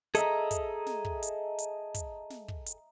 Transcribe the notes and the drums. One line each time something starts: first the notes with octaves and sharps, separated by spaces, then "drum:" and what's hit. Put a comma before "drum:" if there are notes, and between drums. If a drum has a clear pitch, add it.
G#4 A4 D#5 E5 A#5, drum: hi-hat
drum: kick, hi-hat
drum: snare
drum: kick
drum: hi-hat
drum: hi-hat
drum: kick, hi-hat
drum: snare
drum: kick
drum: hi-hat